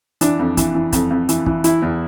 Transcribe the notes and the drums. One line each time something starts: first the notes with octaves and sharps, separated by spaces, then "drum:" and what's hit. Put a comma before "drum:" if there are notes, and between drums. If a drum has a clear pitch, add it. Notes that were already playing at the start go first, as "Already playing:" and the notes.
E3 D4, drum: hi-hat
F2
E3, drum: kick, hi-hat
E3
F2, drum: kick, hi-hat
F2
E3, drum: hi-hat
E3, drum: kick
E3 E4, drum: hi-hat
E2